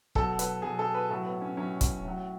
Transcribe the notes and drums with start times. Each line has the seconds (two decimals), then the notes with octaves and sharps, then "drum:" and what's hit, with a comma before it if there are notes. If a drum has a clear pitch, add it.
0.15 B2 F#3 A4, drum: kick
0.39 B4, drum: hi-hat
0.62 B2 F#3 G#4
0.79 A4
0.95 B4
1.10 A2 F#3 A4
1.25 B3
1.41 C#4
1.57 A2 F#3 C#4
1.81 drum: kick, hi-hat
2.04 A2 F#3